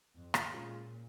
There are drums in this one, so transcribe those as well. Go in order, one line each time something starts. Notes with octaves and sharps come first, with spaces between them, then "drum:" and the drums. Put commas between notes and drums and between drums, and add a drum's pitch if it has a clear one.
F2
drum: rim click
A#2 G#3 C#4 F4 G#4